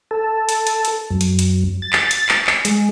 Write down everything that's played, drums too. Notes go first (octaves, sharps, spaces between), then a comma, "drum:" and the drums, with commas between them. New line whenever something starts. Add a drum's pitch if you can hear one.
A4
drum: hi-hat
drum: hi-hat
drum: hi-hat
F#2
drum: hi-hat
drum: hi-hat
A6
drum: clap
drum: hi-hat
drum: clap
drum: clap
G#3, drum: hi-hat